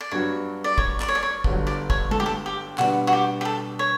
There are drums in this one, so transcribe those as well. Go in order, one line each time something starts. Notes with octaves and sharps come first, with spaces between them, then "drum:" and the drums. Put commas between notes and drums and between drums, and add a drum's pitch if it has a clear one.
D5
G2 F#3 B3 F#4 C#5
D5
C#5, drum: kick
D5, drum: clap
C#5
D5
C#5
G1 G2 D3 F#3, drum: kick
D5
C#5, drum: kick
A4, drum: tom
G4
A4
G4
B2 G3 B3 D4 F#4, drum: clap
F#4
G4
G4
A4
C#5